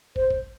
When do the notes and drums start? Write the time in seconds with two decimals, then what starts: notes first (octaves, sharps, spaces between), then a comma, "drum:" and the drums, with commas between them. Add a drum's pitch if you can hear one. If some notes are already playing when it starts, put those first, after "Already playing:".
0.16 C5, drum: kick
0.30 drum: kick